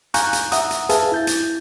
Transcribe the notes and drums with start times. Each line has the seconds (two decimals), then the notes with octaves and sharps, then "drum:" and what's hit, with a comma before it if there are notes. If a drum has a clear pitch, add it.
0.14 F5 G#5 A#5 C#6 F#6 G6, drum: hi-hat
0.33 drum: hi-hat
0.52 E5 F#5 A#5 D#6, drum: hi-hat
0.70 drum: hi-hat
0.89 G#4 B4 E5 F5 G#5 A5, drum: hi-hat
1.12 E4 G6 A6
1.27 drum: hi-hat